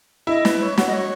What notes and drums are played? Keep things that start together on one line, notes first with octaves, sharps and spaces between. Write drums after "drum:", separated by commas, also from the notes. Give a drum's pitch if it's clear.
E4 D#5
B4, drum: snare
C#5
F#4 C#5, drum: snare
D#5
C#5